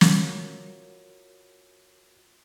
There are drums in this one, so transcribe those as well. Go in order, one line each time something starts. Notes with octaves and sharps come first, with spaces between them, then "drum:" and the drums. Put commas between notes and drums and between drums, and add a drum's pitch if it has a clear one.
F4 F#4 A#4 C#5, drum: snare